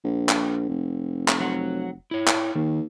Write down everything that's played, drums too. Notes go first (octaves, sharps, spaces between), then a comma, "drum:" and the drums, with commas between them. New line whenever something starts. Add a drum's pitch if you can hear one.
A#1
drum: clap
F1
drum: clap
F#3 F#5
E4 C#5
drum: clap
D#2 D#3